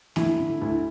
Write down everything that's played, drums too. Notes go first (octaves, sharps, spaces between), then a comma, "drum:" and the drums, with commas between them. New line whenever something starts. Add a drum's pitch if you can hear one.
D2 E4, drum: snare
D3
D2 E4